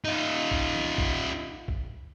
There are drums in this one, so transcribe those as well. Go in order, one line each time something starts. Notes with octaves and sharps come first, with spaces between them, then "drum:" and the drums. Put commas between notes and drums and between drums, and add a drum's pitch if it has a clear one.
D#4 F4
drum: kick
drum: snare
drum: kick
drum: kick